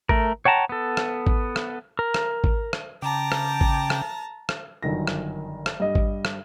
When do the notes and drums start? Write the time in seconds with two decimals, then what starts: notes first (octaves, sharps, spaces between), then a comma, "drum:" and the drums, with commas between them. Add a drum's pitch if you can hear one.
0.09 A3 A#4, drum: kick G#1
0.45 C#5 F#5 G5 A5 A#5
0.69 B3 A4
0.97 drum: rim click
1.27 drum: kick G#1
1.56 drum: rim click
1.99 A#4
2.14 drum: rim click
2.44 drum: kick G#1
2.73 drum: rim click
3.02 C#3 G5 A5 A#5 D6
3.32 drum: rim click
3.61 drum: kick G#1
3.90 drum: rim click
4.49 drum: rim click
4.83 G1 F#2 D#3 A#6
5.07 drum: rim click
5.66 drum: rim click
5.80 G2 D#5
5.95 drum: kick G#1
6.25 drum: rim click